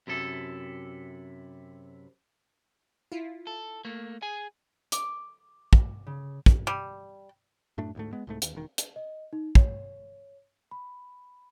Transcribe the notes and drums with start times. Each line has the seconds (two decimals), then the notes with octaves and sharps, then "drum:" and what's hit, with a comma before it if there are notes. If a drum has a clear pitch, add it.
0.07 F#2 C3 E4 A4
3.12 E4 F4
3.47 A4
3.85 A3 A#3
4.22 G#4 G#5
4.92 D6, drum: hi-hat
5.73 drum: kick
6.07 C#3
6.46 drum: kick
6.67 G3
7.78 F#2 A2 A3 D4
7.95 D2 G#2 A3
8.13 G#3 B3
8.27 C2 G#2 A3
8.42 D#2, drum: hi-hat
8.55 E1 D#3
8.78 drum: hi-hat
8.96 D#5
9.33 D#4
9.55 C#5, drum: kick
10.71 B5